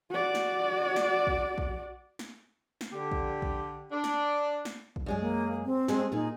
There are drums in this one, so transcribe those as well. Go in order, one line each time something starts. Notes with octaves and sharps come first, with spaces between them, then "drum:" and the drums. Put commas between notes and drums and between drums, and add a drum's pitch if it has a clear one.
F#4 D5
drum: snare
drum: snare
drum: kick A#1
drum: kick A#1
drum: snare
drum: snare
D3 G4
drum: kick A#1
drum: kick A#1
D4
drum: snare
drum: snare
drum: kick A#1
F#2 G#3 G#4 D5
A#3
C4
G#3 D4 G#4, drum: snare
A#2 D#4 G#4